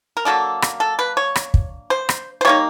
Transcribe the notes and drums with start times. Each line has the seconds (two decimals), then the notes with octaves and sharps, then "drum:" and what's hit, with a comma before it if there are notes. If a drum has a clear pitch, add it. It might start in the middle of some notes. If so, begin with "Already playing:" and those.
0.17 A#4
0.25 D3 F#3 A#3 D4 A4
0.62 drum: rim click
0.80 A4
0.99 B4
1.17 C#5
1.36 drum: rim click
1.54 drum: kick
1.90 C5
2.09 drum: rim click
2.41 C5
2.45 G3 A#3 D#4 C#5